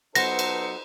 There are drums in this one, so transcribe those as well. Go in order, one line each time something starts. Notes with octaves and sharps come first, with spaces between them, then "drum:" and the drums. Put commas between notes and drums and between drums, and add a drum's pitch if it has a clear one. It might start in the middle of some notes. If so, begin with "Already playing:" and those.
F#3 B3 D#4 A4 B4 C5 A#6 C#7, drum: cymbal
drum: cymbal